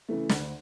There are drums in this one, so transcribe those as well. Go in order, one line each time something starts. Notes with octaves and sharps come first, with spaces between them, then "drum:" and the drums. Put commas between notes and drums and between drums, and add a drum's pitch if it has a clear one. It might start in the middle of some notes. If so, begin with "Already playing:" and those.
C#3 E3 A3
D2, drum: snare